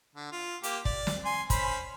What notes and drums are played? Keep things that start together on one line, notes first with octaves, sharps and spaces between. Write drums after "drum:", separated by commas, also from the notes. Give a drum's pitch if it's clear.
D3
F4
A#3 G4, drum: hi-hat
D5, drum: kick
drum: snare
G#5 C6
C#4 C5 B5, drum: kick, hi-hat